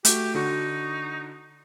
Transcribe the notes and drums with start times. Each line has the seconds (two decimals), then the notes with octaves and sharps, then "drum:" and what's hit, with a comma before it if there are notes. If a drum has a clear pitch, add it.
0.05 A3 F#4 G4, drum: hi-hat
0.35 D3 D#4 F#4 C#6